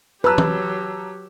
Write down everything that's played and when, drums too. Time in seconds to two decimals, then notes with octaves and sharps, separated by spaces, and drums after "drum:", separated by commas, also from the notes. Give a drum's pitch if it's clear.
0.24 F#3 G4 B4 A5 A#5 E6
0.38 drum: tom